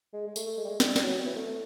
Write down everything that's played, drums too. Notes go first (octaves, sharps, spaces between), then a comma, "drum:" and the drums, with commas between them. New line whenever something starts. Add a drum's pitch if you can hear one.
G#3
G#3
A3, drum: tambourine
A3
G#3
G3
G#3
G3, drum: snare
G3, drum: snare
F#3
E3
A3
A3